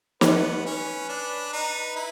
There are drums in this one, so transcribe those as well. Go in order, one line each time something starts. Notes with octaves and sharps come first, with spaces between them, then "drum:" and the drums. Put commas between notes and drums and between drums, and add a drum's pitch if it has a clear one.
B3 B4, drum: snare
C#4
D4
D#4
E4